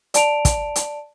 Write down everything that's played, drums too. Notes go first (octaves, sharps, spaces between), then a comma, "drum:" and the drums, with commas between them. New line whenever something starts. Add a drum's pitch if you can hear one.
D5 A5 D7 F7, drum: hi-hat
drum: kick, hi-hat
drum: hi-hat